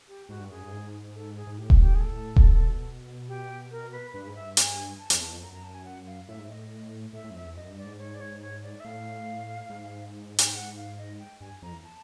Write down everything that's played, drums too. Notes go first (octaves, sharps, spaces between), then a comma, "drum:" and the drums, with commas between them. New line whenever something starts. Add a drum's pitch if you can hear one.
G4
G#2 F#4
G2
F#2 G#4
G2
G#2
A4
G#4
G#2
A2 G4
drum: kick D#1
G4
G#4
A4
A#2, drum: kick D#1
B2
G4
A#4
B4
G2 B4
G#2
G2 E5
G#5, drum: hi-hat
A5
F2, drum: hi-hat
E2 A5
F2
F#2 A#5
A#5
A5
G#5
F#5
F5
A2 E5
G#2
A2 D#5
A2 E5
A2
F#2
F2 E5
E2
F#2 D#5
G2
D5
G#2
C#5
D5
C#5
C#5
D5
E5
A2 F5
G#2
G#5, drum: hi-hat
G5
F#5
F5
D#5
G5
G2 G#5
F2 A#5
E2
A5